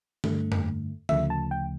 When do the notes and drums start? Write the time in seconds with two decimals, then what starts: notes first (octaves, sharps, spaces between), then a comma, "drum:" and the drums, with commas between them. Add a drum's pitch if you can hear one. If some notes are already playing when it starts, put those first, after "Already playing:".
0.24 G2 D3 A3, drum: tom D3
0.52 drum: tom F2
1.09 D2 C#3 F3 A3 E5, drum: tom D3
1.30 A5
1.51 G5